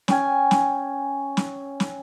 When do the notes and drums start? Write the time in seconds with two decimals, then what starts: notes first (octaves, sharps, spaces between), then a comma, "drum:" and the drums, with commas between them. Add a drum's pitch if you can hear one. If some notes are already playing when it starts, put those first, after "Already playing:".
0.08 C#4 G5 G#5, drum: snare
0.51 drum: snare
1.37 drum: snare
1.80 drum: snare